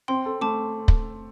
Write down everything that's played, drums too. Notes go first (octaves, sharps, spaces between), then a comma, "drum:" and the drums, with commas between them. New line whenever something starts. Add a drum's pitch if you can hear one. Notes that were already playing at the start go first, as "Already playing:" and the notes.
C4 G5 C6
A4
A3 A5 D6
drum: kick